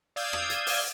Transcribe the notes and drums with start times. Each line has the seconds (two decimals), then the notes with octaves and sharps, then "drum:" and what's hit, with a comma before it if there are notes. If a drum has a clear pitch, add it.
0.16 D5 F5 D#6 E6 G6 G#6
0.33 drum: rim click
0.50 drum: hi-hat
0.67 drum: open hi-hat